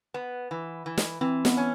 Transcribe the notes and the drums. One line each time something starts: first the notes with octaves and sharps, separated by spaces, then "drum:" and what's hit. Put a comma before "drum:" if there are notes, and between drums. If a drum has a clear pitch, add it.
B3
E3
E3
drum: snare
E3 C4
B3, drum: snare
C#4